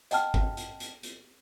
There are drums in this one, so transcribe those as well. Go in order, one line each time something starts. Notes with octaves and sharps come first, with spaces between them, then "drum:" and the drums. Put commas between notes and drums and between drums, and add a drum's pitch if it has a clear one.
D#5 F#5 G5 A5 F6, drum: hi-hat
drum: kick
drum: hi-hat
drum: hi-hat
drum: hi-hat